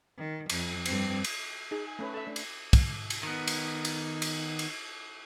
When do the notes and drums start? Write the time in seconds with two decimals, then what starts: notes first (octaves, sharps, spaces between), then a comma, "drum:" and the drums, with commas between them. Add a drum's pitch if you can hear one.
0.18 D#3
0.50 F2, drum: cymbal
0.86 G2 C4, drum: cymbal
1.24 drum: cymbal
1.71 D#4 G#4
1.87 G#5
1.99 A3 C#4 B4
2.14 A4 E5 A5
2.27 A3 D4
2.36 drum: cymbal
2.73 drum: kick, cymbal
3.10 drum: cymbal
3.23 D#3 B3
3.48 drum: cymbal
3.85 drum: cymbal
4.22 drum: cymbal
4.59 drum: cymbal